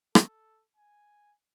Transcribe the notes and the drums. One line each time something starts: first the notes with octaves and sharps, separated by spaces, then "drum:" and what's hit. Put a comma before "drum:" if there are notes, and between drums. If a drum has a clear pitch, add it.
A4, drum: rim click
G#5